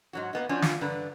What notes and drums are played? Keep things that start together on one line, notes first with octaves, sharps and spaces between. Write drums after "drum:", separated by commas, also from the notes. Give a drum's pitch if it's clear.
G#2 F#3 F#4
A#3 B3 D#4
F3 C#4 D4 F#4
F4, drum: snare
G2 D3 B4 A#5